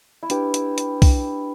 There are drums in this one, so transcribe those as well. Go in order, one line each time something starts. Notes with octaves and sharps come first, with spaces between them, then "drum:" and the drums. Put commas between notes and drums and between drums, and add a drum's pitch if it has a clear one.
E4
D4 G4 B4 G5, drum: hi-hat
drum: hi-hat
drum: hi-hat
D4 B4 G5, drum: kick, open hi-hat